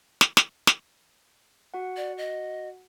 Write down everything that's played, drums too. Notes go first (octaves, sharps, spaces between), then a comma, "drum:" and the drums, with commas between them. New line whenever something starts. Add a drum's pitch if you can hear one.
drum: snare
drum: snare
drum: snare
F#4 F#5
D5
D#5